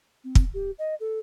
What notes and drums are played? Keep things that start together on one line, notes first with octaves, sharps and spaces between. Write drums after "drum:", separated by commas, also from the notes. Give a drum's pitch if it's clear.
C4
drum: kick
G4
D#5
A4